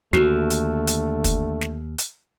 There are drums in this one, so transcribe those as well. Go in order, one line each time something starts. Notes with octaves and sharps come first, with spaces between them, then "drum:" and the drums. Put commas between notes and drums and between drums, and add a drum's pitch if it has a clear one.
D#2 D3 A3 F#4, drum: snare
drum: hi-hat
drum: hi-hat
drum: kick, hi-hat
drum: snare
drum: hi-hat